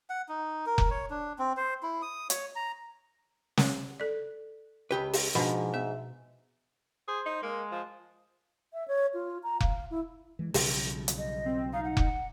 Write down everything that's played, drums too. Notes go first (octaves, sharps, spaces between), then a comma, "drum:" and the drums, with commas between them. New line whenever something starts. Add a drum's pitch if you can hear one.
F#5
D#4
A#4
drum: kick F1
C#5
D4
C4
C5
E4
D#6
C#5, drum: hi-hat
A#5
drum: snare
A4 D5
C#2 G4 B4
drum: open hi-hat
G#2 B2 F3 D4 B4
B3 E5
G#4 C5
D#4
G#3 A#3
F3
E5
C#5
F4
A#5
F5, drum: kick F1
E4
E3 G#3
B1 C#3 F3 G3, drum: open hi-hat
drum: hi-hat
D#5
C4
D#4 F5
F#5
drum: kick F1